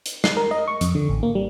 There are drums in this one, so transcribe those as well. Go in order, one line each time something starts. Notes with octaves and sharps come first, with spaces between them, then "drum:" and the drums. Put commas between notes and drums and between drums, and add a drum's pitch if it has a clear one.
drum: hi-hat
C7, drum: snare
A#4
D#5
C#6
F2, drum: hi-hat
D3
A1
A#3
G3